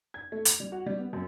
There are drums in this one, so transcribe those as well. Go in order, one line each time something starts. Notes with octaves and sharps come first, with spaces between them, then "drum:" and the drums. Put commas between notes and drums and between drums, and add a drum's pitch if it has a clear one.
G#6
A3
F7, drum: hi-hat
G3
F#4
G3
B3
F#2